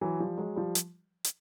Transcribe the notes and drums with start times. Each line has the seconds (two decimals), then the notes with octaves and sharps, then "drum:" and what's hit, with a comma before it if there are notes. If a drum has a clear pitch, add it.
0.01 E3 F#3
0.20 F3 G3
0.38 F#3 G#3
0.56 F3 G3
0.75 drum: hi-hat
1.24 drum: hi-hat